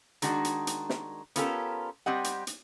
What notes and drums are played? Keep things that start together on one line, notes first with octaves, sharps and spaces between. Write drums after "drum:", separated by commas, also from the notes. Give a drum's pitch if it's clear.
D#3 G#3 D4 F#4, drum: hi-hat
drum: hi-hat
drum: hi-hat
drum: snare
B3 C#4 F4 G4 A4 A#4, drum: hi-hat
G3 C4 G4 D#5 F#5
drum: hi-hat
drum: hi-hat